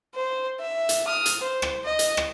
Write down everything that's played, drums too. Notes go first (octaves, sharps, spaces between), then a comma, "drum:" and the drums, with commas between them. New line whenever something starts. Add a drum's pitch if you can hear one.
C5
E5
drum: hi-hat
D#6 F6
drum: hi-hat
C5
drum: rim click
D#5
drum: hi-hat
drum: rim click